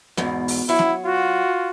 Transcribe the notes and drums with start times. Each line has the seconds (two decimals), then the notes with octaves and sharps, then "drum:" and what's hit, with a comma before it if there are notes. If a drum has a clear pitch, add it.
0.17 E2 G#2 B2, drum: snare B3
0.48 drum: open hi-hat
0.69 F#3 E4
0.79 drum: snare B3
1.05 F4 F#4